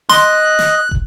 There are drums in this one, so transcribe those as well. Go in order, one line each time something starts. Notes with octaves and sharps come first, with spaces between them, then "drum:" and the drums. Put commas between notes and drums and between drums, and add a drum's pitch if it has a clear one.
D#5 C6 F#6, drum: snare
drum: snare
drum: kick